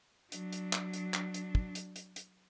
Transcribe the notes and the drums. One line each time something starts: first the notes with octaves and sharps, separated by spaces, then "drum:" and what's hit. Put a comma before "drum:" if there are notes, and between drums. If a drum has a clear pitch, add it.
F#3 D4, drum: hi-hat
drum: hi-hat
drum: clap
drum: hi-hat
drum: clap
drum: hi-hat
drum: kick
drum: hi-hat
drum: hi-hat
drum: hi-hat